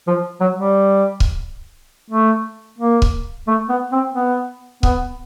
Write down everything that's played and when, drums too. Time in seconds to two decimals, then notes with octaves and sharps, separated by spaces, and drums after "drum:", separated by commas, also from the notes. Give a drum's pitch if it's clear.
0.07 F3
0.40 F#3
0.58 G3
1.20 drum: kick C#1
2.10 A3
2.79 A#3
3.02 drum: kick C#1
3.48 A3
3.69 B3
3.92 C4
4.15 B3
4.83 B3, drum: kick C#1